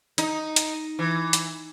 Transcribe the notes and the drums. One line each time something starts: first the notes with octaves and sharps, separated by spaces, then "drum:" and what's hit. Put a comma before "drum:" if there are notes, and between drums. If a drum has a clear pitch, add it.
D#4, drum: hi-hat
drum: hi-hat
E3
drum: hi-hat